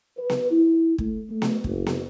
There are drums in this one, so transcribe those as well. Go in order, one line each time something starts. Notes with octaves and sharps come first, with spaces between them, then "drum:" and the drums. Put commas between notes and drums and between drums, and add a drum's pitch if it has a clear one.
B4
drum: snare B3
E4
A3, drum: kick
A3
drum: snare B3
F#1, drum: kick
drum: snare B3